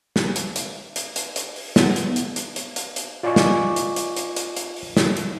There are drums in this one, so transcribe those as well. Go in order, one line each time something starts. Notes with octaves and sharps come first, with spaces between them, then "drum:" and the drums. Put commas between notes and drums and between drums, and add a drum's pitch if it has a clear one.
drum: snare
drum: hi-hat
drum: hi-hat
drum: hi-hat
drum: hi-hat
drum: hi-hat
drum: open hi-hat
B3, drum: snare
drum: hi-hat
drum: hi-hat
drum: hi-hat
drum: hi-hat
drum: hi-hat
drum: hi-hat
F4 D5 D#5 G#5 C#6 D6
drum: snare
drum: hi-hat
drum: hi-hat
drum: hi-hat
drum: hi-hat
drum: hi-hat
drum: open hi-hat
drum: snare
drum: hi-hat